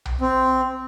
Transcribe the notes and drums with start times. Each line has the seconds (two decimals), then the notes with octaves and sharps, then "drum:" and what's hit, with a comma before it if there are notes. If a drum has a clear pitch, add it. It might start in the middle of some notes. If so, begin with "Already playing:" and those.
0.05 drum: tom B1
0.21 C4